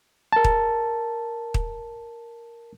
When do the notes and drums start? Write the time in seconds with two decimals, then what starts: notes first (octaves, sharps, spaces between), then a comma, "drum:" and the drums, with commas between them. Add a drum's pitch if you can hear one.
0.33 A#4 A5
0.44 drum: kick
1.54 drum: kick